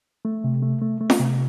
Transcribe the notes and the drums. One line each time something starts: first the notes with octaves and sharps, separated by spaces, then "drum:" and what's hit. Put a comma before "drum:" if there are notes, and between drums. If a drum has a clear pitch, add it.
A3
C3
A3
A3
A3
drum: snare
C3